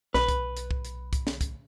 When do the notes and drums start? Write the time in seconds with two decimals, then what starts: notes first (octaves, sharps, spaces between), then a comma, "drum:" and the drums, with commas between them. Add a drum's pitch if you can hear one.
0.14 B1 B4, drum: snare
0.28 drum: kick, hi-hat
0.57 drum: hi-hat
0.71 drum: kick
0.85 drum: hi-hat
1.13 drum: kick, hi-hat
1.27 drum: snare
1.41 drum: kick, hi-hat